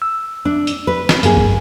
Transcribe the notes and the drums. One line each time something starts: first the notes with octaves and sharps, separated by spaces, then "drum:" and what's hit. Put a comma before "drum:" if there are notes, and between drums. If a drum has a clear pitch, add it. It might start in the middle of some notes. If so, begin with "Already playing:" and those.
E6
D4
drum: hi-hat
B4
drum: snare
G2 F#3 A#3 G#4, drum: hi-hat
drum: kick G1